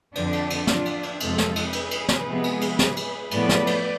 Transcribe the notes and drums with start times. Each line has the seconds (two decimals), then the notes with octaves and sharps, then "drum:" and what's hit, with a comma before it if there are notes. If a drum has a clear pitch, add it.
0.15 F2 D3 F3 D4, drum: cymbal
0.33 drum: cymbal
0.50 drum: cymbal
0.67 D4 F4, drum: snare
0.85 drum: cymbal
1.03 drum: cymbal
1.20 F2 C3 G#3 C4 F4 A4, drum: cymbal
1.38 drum: snare
1.56 drum: cymbal
1.73 G#4 B4, drum: cymbal
1.91 drum: cymbal
2.09 drum: snare
2.26 C3 F3 G#3 B3
2.44 drum: cymbal
2.61 drum: cymbal
2.79 drum: snare
2.96 drum: cymbal
3.31 A2 F3 B3 B4 D5, drum: cymbal
3.49 drum: snare
3.67 drum: cymbal